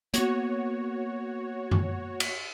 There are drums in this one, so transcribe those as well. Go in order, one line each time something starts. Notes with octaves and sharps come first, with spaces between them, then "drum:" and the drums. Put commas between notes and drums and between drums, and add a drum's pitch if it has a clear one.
A#3 B3 F#4 C#5, drum: hi-hat
drum: tom F#2
drum: cymbal